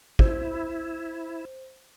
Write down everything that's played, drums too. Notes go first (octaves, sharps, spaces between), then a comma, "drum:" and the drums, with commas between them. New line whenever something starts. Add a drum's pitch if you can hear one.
E4 C5, drum: kick